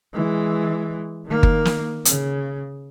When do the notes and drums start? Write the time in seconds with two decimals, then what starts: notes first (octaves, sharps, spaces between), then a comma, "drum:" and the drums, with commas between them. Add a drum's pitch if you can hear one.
0.14 E3 G#3
1.26 D#3 A#3
1.43 drum: kick G1
1.65 drum: snare
2.05 C#3, drum: hi-hat